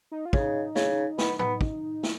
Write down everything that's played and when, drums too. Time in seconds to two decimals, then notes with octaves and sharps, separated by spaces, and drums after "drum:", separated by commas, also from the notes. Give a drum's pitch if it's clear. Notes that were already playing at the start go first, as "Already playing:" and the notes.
0.11 D#4
0.25 F4
0.33 C#3, drum: kick
0.39 D#4
0.75 C#3, drum: snare
1.18 B3, drum: snare
1.39 B3, drum: tom A2
1.61 drum: kick
2.03 drum: snare